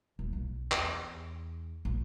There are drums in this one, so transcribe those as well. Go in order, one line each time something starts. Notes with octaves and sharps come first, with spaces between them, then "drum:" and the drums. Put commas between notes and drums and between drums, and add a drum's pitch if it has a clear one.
D#1
B1
E2, drum: clap
A#1